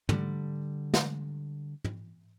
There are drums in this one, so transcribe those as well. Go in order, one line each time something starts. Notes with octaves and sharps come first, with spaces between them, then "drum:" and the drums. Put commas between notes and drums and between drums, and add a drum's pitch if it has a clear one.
D3 G3, drum: tom
drum: snare
drum: tom